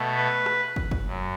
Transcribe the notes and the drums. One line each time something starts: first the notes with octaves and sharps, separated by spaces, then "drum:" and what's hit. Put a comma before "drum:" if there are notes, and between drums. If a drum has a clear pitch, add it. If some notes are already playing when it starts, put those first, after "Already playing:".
Already playing: B2 A3
B4
drum: rim click
drum: kick
drum: kick
F#2